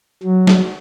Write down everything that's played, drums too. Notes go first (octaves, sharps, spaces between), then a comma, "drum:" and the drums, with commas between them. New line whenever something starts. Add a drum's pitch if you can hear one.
F#3
drum: snare